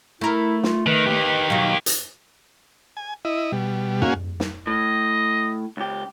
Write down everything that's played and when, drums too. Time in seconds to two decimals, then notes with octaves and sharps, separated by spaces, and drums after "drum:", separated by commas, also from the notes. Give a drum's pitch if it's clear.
0.21 A3 E4 A#4
0.63 F4, drum: snare
0.86 D#3 B4
1.07 D#3 G4
1.50 B2 F#3 F5
1.86 drum: hi-hat
2.97 G#5
3.25 E4 D#5
3.52 B2 G3
4.02 A#3 C#4 F#4 F5 G#5, drum: tom
4.40 drum: snare
4.67 A2 D#5
5.77 C#2 G4